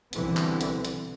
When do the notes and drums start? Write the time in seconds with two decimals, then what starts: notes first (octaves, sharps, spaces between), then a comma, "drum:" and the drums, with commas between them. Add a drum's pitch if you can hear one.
0.13 C2 B2 D3 E3 B3 C4, drum: hi-hat
0.37 drum: clap
0.61 drum: hi-hat
0.85 drum: hi-hat